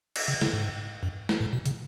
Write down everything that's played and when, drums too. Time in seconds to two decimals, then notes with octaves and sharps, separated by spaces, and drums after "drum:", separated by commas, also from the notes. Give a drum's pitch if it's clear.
0.16 drum: cymbal
0.28 C#3
0.41 C#3, drum: snare
0.53 G#2
1.03 F#2
1.29 drum: snare
1.40 A2
1.53 B2
1.66 C#3, drum: hi-hat